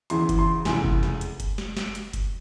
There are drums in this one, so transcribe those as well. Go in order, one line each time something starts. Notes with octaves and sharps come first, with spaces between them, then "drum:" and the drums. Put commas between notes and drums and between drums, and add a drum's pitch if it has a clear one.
E2 C#3 E3 C6, drum: hi-hat
drum: kick F#1, hi-hat
C6
F1 E2 C#3 G#5, drum: snare
drum: kick F#1
drum: snare
drum: hi-hat
drum: kick F#1, hi-hat
drum: snare
drum: snare
drum: hi-hat
drum: kick F#1, hi-hat